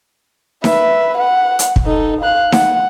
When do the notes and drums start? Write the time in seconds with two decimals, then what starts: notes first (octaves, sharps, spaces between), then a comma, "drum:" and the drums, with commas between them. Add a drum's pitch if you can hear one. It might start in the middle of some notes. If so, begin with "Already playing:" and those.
0.64 B4 E5, drum: snare D#4
1.18 F#5
1.59 drum: hi-hat
1.76 drum: kick
1.85 D#4 A4
2.21 F5 F#6
2.52 F#5, drum: snare D#4